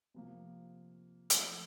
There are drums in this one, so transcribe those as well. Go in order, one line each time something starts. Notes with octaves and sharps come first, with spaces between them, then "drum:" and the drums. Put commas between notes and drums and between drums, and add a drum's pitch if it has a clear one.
C3 F3 A#3
F3 A3 C4 F4, drum: hi-hat